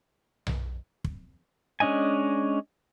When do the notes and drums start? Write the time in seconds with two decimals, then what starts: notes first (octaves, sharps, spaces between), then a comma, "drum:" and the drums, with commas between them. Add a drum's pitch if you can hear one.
0.47 drum: tom B1
1.04 drum: kick
1.80 G#3 C#4 D4 D#5 G#5